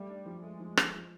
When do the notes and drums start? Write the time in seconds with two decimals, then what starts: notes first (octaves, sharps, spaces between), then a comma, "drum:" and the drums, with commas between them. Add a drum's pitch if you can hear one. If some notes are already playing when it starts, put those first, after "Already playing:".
Already playing: G3 A3
0.09 D4
0.26 F3
0.43 G#3 A3
0.60 F3
0.77 F3, drum: rim click
0.94 F3